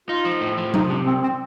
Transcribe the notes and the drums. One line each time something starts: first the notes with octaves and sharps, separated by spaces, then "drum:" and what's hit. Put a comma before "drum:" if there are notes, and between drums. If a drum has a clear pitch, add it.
D#4 F4
F3
A2
F3
C2 D#4, drum: tom F#3
C3 D4
C2 C4
C4